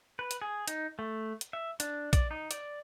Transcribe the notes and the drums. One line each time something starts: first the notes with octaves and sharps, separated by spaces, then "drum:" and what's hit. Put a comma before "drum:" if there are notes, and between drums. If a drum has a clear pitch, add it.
B4
drum: hi-hat
G#4
D#4, drum: hi-hat
A3
drum: hi-hat
E5
D4, drum: hi-hat
D5, drum: kick, hi-hat
D#4
D5, drum: hi-hat